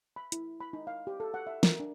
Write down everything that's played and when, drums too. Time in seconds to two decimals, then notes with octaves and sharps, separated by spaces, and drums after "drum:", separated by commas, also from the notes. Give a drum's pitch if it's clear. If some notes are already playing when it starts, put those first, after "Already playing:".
0.16 B5
0.32 E4, drum: hi-hat
0.60 B5
0.73 D#4
0.87 F5
1.07 G4
1.20 A4
1.34 F#5
1.47 E5
1.63 A#4, drum: snare
1.80 D4